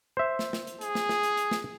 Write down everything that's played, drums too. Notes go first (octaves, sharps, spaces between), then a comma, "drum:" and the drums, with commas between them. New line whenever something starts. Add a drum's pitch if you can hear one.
C5 E5
drum: snare
drum: snare
drum: hi-hat
G#4, drum: hi-hat
drum: snare
drum: snare
drum: hi-hat
drum: hi-hat
drum: snare